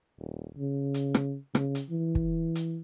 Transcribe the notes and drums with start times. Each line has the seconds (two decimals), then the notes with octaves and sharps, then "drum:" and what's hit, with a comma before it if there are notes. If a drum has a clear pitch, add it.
0.19 D#1
0.57 C#3
0.94 drum: hi-hat
1.14 drum: rim click
1.55 C#3, drum: rim click
1.75 drum: hi-hat
1.90 E3
2.15 drum: kick
2.55 drum: hi-hat